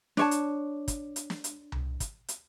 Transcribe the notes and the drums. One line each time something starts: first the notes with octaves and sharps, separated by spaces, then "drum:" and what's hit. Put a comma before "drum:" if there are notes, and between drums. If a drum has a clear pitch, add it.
D4 C#5 A5, drum: snare
drum: hi-hat
drum: kick, hi-hat
drum: hi-hat
drum: snare
drum: hi-hat
drum: tom C2
drum: kick, hi-hat
drum: hi-hat